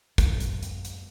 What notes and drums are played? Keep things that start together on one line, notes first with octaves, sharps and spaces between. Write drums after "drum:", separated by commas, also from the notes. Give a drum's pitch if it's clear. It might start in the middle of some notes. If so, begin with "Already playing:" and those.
F#2 F#3 G#3, drum: kick, hi-hat
drum: hi-hat
drum: hi-hat
drum: hi-hat